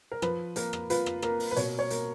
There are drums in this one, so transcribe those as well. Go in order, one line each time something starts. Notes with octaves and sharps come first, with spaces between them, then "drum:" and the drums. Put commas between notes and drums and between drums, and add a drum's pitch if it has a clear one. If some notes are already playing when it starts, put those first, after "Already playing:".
A#4
F3 B4, drum: rim click
A#3 A#4, drum: hi-hat
drum: rim click
F4 B4, drum: hi-hat
drum: rim click
A#3 A#4, drum: rim click
drum: open hi-hat
B4
B2 C#5, drum: hi-hat
C#5
A#3, drum: hi-hat